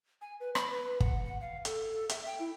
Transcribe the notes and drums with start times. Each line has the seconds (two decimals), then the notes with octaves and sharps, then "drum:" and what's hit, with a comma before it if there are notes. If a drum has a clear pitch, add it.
0.21 G#5
0.40 B4
0.55 B5, drum: rim click
0.70 B4
1.00 F#5, drum: kick
1.25 F#5
1.41 F5
1.65 A4, drum: hi-hat
2.09 E5, drum: hi-hat
2.26 G5
2.40 E4